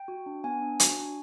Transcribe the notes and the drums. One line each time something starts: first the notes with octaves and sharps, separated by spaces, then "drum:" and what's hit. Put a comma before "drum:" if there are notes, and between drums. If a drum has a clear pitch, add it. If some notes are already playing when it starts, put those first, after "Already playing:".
Already playing: G5
F#4
D4
B3 G#5
D4
F#4, drum: hi-hat
D4